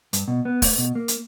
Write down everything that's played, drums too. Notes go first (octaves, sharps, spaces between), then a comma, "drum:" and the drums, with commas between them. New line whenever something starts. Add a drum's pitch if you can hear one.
G2, drum: hi-hat
B2
B3
A3, drum: kick, open hi-hat
B2
A#3
drum: hi-hat